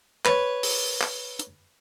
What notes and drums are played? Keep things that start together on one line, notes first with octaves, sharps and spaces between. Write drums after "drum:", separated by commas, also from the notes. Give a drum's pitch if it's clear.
B4 C#5, drum: clap
drum: open hi-hat
drum: clap
drum: hi-hat